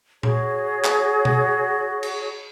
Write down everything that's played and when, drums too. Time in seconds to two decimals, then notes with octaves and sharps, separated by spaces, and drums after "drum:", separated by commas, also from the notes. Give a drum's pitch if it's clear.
0.23 F#4 G#4 C#5, drum: tom A#2
0.84 drum: clap
1.25 drum: tom B2
2.03 drum: cymbal